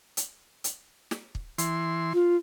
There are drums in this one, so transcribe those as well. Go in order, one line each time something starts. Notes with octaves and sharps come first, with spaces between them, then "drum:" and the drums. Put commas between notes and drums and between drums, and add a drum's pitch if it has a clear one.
drum: hi-hat
drum: hi-hat
drum: snare
drum: kick
E3 C6, drum: hi-hat
F4